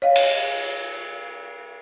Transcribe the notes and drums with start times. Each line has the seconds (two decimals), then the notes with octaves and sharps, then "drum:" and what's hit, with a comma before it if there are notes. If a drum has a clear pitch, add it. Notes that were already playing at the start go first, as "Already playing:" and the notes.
0.02 C#5 D#5 F5
0.16 drum: cymbal